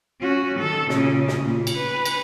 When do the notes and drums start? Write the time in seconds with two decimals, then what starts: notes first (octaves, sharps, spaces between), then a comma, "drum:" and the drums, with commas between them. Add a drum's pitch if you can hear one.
0.20 C#4 F#4
0.59 D#3 A4
0.89 A#2 C#3, drum: snare
1.28 drum: snare
1.41 A#2
1.67 drum: cymbal
1.76 B4
2.05 drum: cymbal